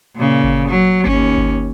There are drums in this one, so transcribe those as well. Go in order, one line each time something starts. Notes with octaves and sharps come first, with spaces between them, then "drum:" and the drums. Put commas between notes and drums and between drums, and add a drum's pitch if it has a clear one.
A#2 C#3
drum: kick G1
F#3
D#2 C#4, drum: kick G1
drum: kick G1